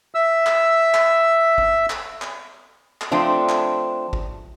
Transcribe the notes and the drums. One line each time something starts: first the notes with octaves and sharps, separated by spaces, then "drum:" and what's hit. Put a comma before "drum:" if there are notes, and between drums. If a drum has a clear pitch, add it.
E5 E6
drum: clap
drum: clap
drum: kick
drum: clap
drum: clap
drum: clap
F3 A3 C4 D4
drum: clap
drum: kick